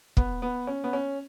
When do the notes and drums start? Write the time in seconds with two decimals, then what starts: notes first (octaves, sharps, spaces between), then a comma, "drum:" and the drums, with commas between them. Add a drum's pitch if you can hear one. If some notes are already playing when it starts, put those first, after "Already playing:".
0.17 B3, drum: kick
0.42 B3
0.67 C#4
0.84 B3
0.93 C#4